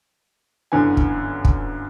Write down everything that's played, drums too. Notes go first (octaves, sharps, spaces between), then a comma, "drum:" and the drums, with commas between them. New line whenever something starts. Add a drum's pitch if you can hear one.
G1 F#2 D3 E3 G#5
drum: kick
drum: kick